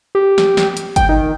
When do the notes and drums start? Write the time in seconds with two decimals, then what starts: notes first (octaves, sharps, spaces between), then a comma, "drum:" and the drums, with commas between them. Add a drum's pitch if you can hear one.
0.15 G4
0.38 drum: snare
0.57 drum: snare
0.77 drum: hi-hat
0.96 G5, drum: kick G1, hi-hat
1.09 D#3